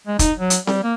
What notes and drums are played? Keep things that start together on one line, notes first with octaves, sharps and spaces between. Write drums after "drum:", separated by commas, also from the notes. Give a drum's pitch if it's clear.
G#3
D#4, drum: kick, hi-hat
F#3
drum: hi-hat
G3, drum: snare C4
A#3